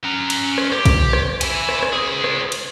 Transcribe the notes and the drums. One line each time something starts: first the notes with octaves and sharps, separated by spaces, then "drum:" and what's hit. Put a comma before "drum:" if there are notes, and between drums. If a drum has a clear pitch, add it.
C#4 A#5
drum: cymbal
drum: rim click
G4, drum: rim click
drum: kick, cymbal
drum: rim click
E4 G#5, drum: cymbal
drum: rim click
drum: rim click
C#2 G#4
drum: rim click
drum: cymbal